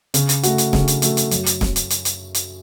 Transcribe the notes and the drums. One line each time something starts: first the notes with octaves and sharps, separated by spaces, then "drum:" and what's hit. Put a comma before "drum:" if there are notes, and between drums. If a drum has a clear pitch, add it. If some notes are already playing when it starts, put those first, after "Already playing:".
C#3, drum: hi-hat
drum: hi-hat
A3 F#4, drum: hi-hat
drum: hi-hat
C#3, drum: snare
drum: hi-hat
A3 F#4, drum: hi-hat
drum: hi-hat
F#2, drum: hi-hat
drum: hi-hat
drum: snare
drum: hi-hat
drum: hi-hat
drum: hi-hat
drum: hi-hat